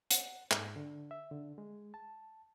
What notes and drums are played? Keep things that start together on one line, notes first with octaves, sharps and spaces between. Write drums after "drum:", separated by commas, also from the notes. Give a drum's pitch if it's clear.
F#5, drum: hi-hat
G#2, drum: clap
D3
E5
D3
G#3
A5